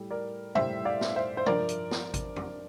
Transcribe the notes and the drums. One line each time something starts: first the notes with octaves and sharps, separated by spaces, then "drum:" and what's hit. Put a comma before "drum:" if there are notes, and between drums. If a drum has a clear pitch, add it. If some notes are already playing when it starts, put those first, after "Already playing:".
Already playing: A2 G3 A4
A#4 D5
A2 G3 C5 E5, drum: tom
D5 F5
drum: snare
C5 E5
C5
G2 F3 A#4 D5, drum: tom
drum: hi-hat
drum: snare
drum: kick G#1, hi-hat
drum: tom